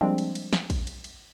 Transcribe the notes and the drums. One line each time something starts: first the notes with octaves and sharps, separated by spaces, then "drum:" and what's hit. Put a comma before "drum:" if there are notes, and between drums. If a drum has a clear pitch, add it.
F3 G3 G#3 A#3 C4 D4
drum: cymbal
drum: cymbal
drum: snare
drum: kick, cymbal
drum: cymbal
drum: cymbal